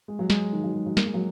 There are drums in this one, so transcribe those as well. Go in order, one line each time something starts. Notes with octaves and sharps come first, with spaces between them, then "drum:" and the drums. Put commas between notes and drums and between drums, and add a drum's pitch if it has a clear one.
G#3
F#3
G#3, drum: snare
D#3
F#3
G#3
F#3
A#3, drum: snare
G#3
F#3